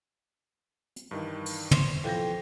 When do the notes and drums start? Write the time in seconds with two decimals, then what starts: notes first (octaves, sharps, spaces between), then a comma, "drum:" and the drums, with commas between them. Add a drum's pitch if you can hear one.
0.96 drum: hi-hat
1.11 G2 D#3 E3
1.46 drum: open hi-hat
1.71 C5 C#5 C6, drum: tom
2.04 F2 E3 G6 A#6